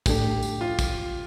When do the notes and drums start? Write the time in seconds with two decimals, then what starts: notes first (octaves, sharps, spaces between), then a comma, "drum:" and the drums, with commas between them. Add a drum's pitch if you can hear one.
0.06 A2 A3 D4 G4 A4, drum: kick, tambourine
0.43 drum: tambourine
0.61 F4
0.79 drum: kick, tambourine